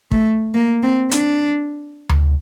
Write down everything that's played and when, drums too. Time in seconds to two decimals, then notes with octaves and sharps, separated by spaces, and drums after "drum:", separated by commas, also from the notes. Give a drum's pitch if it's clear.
0.11 A3, drum: kick
0.54 A#3
0.83 C4
1.11 D4, drum: hi-hat
2.09 drum: tom D2